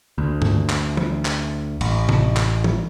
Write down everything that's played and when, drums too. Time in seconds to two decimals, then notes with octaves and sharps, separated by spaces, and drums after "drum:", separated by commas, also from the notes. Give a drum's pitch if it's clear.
0.18 D2
0.42 drum: tom
0.70 drum: clap
0.97 drum: tom E3
1.25 drum: clap
1.81 A1, drum: cymbal
2.09 drum: tom C3
2.37 drum: clap
2.64 drum: tom E3